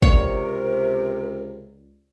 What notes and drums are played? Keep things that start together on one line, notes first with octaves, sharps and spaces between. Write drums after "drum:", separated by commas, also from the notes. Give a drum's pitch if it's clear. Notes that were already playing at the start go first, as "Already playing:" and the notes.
C#2 C3 A#4 C#5, drum: kick